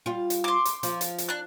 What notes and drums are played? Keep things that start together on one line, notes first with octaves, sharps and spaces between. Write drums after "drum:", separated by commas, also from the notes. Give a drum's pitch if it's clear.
G3 F4
drum: hi-hat
C6 D6
drum: hi-hat
F3, drum: hi-hat
drum: hi-hat
drum: hi-hat
D4 F#6